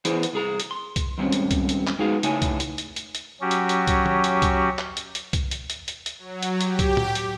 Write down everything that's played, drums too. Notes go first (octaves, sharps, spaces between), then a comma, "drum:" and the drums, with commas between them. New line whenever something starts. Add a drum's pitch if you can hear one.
E3 B3 E4 G#4 C5, drum: hi-hat
drum: hi-hat
C2 G#4 A#5
drum: hi-hat
C6
drum: kick C2, hi-hat
D#2 G#2 G3 C4 C#4
drum: hi-hat
drum: kick C2, hi-hat
drum: hi-hat
drum: clap
G#3 B3 D#4 F#4 G#4 F5
C#3 A3 D#4 E4 C#5 G#5, drum: hi-hat
drum: kick C2, hi-hat
drum: hi-hat
drum: hi-hat
drum: hi-hat
drum: hi-hat
F#3 C#4 F#4 G4
drum: hi-hat
drum: hi-hat
drum: kick C2, hi-hat
drum: tom D#3
drum: hi-hat
drum: kick C2, hi-hat
drum: clap
drum: hi-hat
drum: hi-hat
drum: kick C2, hi-hat
drum: hi-hat
drum: hi-hat
drum: hi-hat
drum: hi-hat
F#3
drum: hi-hat
G4, drum: hi-hat
drum: kick C2, hi-hat
drum: tom A2
drum: hi-hat